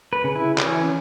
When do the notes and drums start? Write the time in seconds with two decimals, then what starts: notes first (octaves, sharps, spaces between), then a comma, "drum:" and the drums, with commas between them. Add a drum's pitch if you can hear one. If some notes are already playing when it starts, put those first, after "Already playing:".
0.13 B4
0.24 C#3
0.36 E4
0.58 E3 C#4, drum: clap